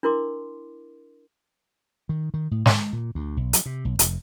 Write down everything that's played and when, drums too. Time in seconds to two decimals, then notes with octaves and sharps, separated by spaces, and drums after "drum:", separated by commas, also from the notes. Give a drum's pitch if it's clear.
0.03 D4 E4 A#4 C6 D6
2.09 D#3
2.34 D#3
2.51 A2
2.66 G#3, drum: snare
2.93 A#2
3.15 D2
3.37 B1
3.53 F#3, drum: hi-hat
3.66 C3
3.85 B1
3.99 F1, drum: hi-hat